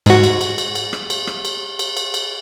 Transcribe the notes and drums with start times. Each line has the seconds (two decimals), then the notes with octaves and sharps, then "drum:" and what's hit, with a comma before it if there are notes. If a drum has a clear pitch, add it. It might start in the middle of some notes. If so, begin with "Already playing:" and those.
0.06 G#2 F#4, drum: cymbal
0.23 drum: cymbal
0.41 drum: cymbal
0.58 drum: cymbal
0.75 drum: cymbal
0.93 drum: rim click
1.10 drum: cymbal
1.27 drum: rim click
1.45 drum: cymbal
1.79 drum: cymbal
1.97 drum: cymbal
2.14 drum: cymbal